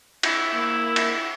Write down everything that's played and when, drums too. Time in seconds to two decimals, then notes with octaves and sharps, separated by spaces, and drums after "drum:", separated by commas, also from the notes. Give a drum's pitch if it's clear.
0.23 E4, drum: cymbal
0.54 A#3
0.96 drum: cymbal